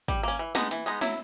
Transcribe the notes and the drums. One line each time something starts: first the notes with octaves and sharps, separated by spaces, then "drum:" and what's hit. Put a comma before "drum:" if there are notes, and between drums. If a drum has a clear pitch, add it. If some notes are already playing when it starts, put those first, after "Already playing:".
G3, drum: kick, hi-hat
A#3 C#4
E3
G#3 B3 D#4, drum: snare
E3, drum: hi-hat
G#3 B3 D#4
F#3 E4, drum: snare